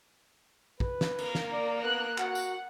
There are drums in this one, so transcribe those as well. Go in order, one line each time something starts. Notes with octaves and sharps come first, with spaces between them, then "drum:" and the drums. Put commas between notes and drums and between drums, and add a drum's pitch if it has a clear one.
B4, drum: kick
drum: snare
A#3 A#4, drum: cymbal
drum: snare
D5
B3 F#6
F#4 F#5, drum: clap
drum: tambourine